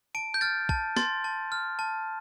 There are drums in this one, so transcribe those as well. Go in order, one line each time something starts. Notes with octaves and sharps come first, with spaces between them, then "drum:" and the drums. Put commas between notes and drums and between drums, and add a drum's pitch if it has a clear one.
A5 D7
G6
F6 A6
A5, drum: kick
C6 A6, drum: snare
A5
F6
A5